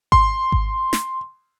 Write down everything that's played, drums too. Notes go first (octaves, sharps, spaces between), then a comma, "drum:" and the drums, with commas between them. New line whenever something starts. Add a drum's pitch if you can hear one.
C6, drum: kick G#1
drum: kick G#1
drum: snare